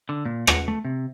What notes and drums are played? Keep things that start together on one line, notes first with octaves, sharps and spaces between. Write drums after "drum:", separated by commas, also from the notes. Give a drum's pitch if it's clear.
D3
A#2
F#5, drum: rim click
A3
C3